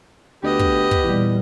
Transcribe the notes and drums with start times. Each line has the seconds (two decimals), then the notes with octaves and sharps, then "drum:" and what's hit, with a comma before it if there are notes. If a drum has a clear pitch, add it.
0.44 D2 B3 G4 D#5
0.59 drum: kick
0.91 drum: kick
1.03 E2 A#2 G3